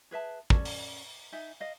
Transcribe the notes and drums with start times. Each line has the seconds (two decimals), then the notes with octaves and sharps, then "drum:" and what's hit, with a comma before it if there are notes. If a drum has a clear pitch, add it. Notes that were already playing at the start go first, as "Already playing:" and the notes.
0.11 G#4 B4 E5 A5
0.50 C#4 A4 D5, drum: kick
0.65 drum: open hi-hat
1.32 D#4 E5 G#5
1.60 D#5 F5